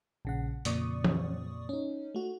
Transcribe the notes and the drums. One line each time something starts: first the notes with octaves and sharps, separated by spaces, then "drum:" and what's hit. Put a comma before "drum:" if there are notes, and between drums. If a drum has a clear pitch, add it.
A#1 C#3 F#5
F2 A#2 C#3 D5 C#6 D#6, drum: hi-hat
drum: tom E3
C#4 D#4
A3 F#4